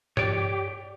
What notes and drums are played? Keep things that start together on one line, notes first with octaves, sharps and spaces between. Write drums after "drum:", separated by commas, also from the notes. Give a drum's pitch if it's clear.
G4 C#5 D5, drum: tom G2